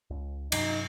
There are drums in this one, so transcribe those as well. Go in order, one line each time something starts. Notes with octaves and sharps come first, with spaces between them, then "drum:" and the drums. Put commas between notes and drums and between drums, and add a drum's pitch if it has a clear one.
C#2
G2 C3 F#3 D#4, drum: cymbal